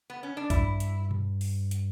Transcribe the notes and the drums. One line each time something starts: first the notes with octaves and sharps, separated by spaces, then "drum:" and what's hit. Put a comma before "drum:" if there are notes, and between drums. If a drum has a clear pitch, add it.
B3
C#4
D4
G2 E4, drum: kick A#1, hi-hat
drum: hi-hat
drum: tom A#2
drum: open hi-hat
drum: hi-hat